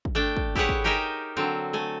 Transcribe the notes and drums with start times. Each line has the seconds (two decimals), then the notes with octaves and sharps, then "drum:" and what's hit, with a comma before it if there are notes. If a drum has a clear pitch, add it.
0.05 drum: kick
0.15 A3 D4 G5
0.37 drum: kick
0.55 E4 G4 G#4 B4 C#5 F#5, drum: kick
0.69 drum: kick
0.84 D#4 G4 A#4 E5 G5 G#5
1.37 D3 F#3 C4
1.73 A3 G#5